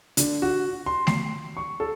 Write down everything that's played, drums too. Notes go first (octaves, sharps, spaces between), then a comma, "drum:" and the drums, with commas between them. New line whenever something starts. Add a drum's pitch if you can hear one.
D3, drum: hi-hat
F#4
C6
C7, drum: snare A3
C#6
A4